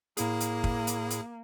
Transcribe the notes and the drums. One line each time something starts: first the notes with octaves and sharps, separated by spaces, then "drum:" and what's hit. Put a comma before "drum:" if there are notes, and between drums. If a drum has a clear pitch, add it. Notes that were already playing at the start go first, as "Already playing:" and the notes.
A2 A#3 E4 G#4, drum: hi-hat
drum: hi-hat
drum: kick
drum: hi-hat
drum: hi-hat